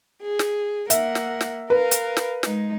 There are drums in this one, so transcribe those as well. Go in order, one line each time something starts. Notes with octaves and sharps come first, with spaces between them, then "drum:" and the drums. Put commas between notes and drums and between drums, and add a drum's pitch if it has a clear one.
G#4
drum: snare
A#3 A#4 E5 F#5, drum: hi-hat
drum: snare
drum: snare
A#4 B4 F5
drum: hi-hat
drum: snare
G#3 D#4, drum: snare